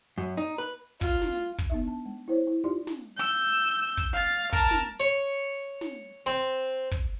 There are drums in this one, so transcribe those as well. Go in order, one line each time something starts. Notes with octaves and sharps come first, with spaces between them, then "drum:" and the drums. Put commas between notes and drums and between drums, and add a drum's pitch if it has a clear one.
F#2
D#4
B4
F4, drum: kick
drum: snare
drum: kick
B3 D#4 E5
D4 A5
G#3
E4 C5 C#5
E4
D#4 F4 G4 D5 C6
drum: snare
E6 G6
drum: kick
F5 A6
A#4 A5, drum: kick
drum: snare
C#5
drum: snare
C4
drum: kick